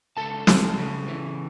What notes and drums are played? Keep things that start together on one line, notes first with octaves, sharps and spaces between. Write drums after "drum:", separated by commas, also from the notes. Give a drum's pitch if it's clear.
C#2 A4 A5
C#2, drum: snare
C#3
E3